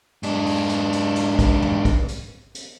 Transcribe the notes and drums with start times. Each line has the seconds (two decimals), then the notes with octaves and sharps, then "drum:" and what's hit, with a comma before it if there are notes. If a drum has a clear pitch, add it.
0.23 G#2 D4, drum: hi-hat
0.46 drum: open hi-hat
0.69 drum: hi-hat
0.92 drum: hi-hat
1.16 drum: hi-hat
1.39 drum: kick, hi-hat
1.62 drum: tom
1.85 drum: kick, hi-hat
2.08 drum: hi-hat
2.55 drum: hi-hat